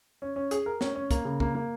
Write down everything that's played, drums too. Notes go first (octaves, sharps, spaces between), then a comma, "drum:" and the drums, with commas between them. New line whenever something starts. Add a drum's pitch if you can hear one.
C#4
C#4
G#4, drum: hi-hat
A#4
C#4, drum: snare
C#4
A#3, drum: kick, hi-hat
C#3
A#3, drum: kick
A#3